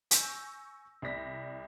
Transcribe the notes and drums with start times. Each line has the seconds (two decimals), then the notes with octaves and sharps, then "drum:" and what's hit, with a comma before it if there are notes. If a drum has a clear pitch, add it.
0.11 G#5 C#6 E6 G6 A#6, drum: hi-hat
1.02 C2 D5 A#6 B6